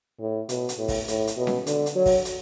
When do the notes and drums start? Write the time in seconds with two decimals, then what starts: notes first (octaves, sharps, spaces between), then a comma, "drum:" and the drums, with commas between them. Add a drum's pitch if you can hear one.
0.19 A2
0.49 B2, drum: hi-hat
0.69 drum: hi-hat
0.78 A2
0.88 drum: kick, open hi-hat
1.08 A2, drum: hi-hat
1.27 drum: hi-hat
1.37 B2
1.47 drum: snare C#4
1.67 D3, drum: hi-hat
1.86 drum: hi-hat
1.95 F#3
2.06 drum: kick, open hi-hat
2.25 drum: hi-hat